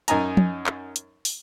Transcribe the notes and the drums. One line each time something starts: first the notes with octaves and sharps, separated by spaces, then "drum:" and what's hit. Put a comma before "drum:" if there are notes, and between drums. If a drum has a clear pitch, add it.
F#2 D#4 G#5 A#5, drum: hi-hat
drum: tom
drum: clap
drum: hi-hat
drum: open hi-hat